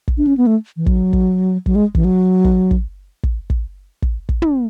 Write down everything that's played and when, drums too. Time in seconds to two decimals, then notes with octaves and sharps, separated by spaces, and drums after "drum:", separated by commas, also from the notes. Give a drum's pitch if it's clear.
0.08 drum: kick
0.18 D4
0.27 C#4
0.37 B3
0.47 A3
0.77 E3
0.86 F#3, drum: kick
1.13 drum: kick
1.66 F#3, drum: kick
1.75 G#3
1.95 E3, drum: kick
2.05 F#3
2.44 drum: kick
2.71 drum: kick
3.23 drum: kick
3.50 drum: kick
4.02 drum: kick
4.29 drum: kick
4.42 drum: tom